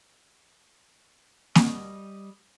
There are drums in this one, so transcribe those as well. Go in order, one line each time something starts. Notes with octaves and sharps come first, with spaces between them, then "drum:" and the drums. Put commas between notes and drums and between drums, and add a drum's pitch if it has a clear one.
G3 D#5, drum: snare A#3